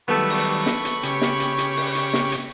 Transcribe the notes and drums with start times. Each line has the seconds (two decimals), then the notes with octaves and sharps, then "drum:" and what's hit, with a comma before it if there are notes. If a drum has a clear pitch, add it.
0.08 D#3 F#3 G3 A3 B3 B5 C#6
0.30 drum: open hi-hat
0.66 drum: snare
0.85 drum: hi-hat
1.03 C#3 G4 C#5, drum: hi-hat
1.22 drum: snare
1.40 drum: hi-hat
1.58 drum: hi-hat
1.77 drum: open hi-hat
1.95 drum: hi-hat
2.14 drum: snare
2.32 drum: hi-hat